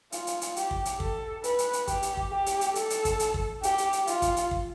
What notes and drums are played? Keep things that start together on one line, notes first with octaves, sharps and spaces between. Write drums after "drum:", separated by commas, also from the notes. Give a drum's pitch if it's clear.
F4, drum: hi-hat
drum: hi-hat
drum: hi-hat
G4, drum: hi-hat
drum: kick
drum: hi-hat
A4, drum: kick
B4, drum: hi-hat
drum: hi-hat
drum: hi-hat
G4, drum: kick, hi-hat
drum: hi-hat
drum: kick
G4
drum: hi-hat
drum: hi-hat
A4, drum: hi-hat
drum: hi-hat
drum: kick, hi-hat
drum: hi-hat
drum: kick
G4, drum: hi-hat
drum: hi-hat
drum: hi-hat
F4, drum: hi-hat
drum: kick, hi-hat
drum: hi-hat
drum: kick